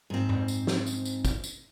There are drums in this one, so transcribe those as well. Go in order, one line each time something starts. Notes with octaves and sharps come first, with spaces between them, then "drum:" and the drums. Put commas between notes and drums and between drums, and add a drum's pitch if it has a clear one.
G#2 C4
drum: tom F#2
drum: tambourine
drum: snare
drum: tambourine
drum: tambourine
drum: kick, tambourine
drum: tambourine